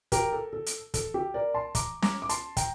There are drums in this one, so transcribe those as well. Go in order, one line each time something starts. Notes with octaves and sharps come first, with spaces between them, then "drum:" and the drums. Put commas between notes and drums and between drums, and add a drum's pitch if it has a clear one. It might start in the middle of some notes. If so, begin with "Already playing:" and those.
G4 A#4, drum: kick, hi-hat
A4
A4
drum: hi-hat
A4, drum: kick, hi-hat
G4
A#4 D5
A5 C6
A#5 D6, drum: kick, hi-hat
A#5 D6, drum: snare
D6
A5 C6, drum: hi-hat
G5 A#5, drum: kick, hi-hat